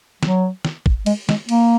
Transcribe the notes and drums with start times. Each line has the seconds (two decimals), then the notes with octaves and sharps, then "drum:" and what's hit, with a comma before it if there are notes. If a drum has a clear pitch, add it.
0.23 F#3, drum: snare
0.65 drum: snare
0.86 drum: kick
1.06 G#3, drum: cymbal
1.29 G#3, drum: snare
1.49 A#3, drum: cymbal